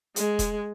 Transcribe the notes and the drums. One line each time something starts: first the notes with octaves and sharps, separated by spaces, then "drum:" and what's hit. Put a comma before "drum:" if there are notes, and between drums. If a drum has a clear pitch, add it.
G#3, drum: hi-hat
drum: kick E1, hi-hat